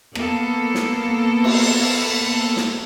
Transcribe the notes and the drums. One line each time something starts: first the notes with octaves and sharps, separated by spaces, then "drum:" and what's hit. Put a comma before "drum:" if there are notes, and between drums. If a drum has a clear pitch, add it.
A#3 B3 A4, drum: rim click
drum: snare
drum: cymbal
drum: snare